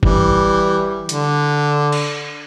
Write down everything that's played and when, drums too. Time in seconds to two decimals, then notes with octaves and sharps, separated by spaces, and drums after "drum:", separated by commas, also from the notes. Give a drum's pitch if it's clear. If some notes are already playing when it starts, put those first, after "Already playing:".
0.03 E3 G3, drum: kick
1.09 D3, drum: hi-hat
1.92 drum: cymbal